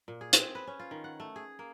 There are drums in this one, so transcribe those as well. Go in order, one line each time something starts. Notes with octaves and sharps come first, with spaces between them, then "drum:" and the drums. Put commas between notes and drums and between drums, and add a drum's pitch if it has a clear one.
A#2
G#4
C4, drum: hi-hat
B4
C#4
F4
D#3
F#5
A3
G#4
A#3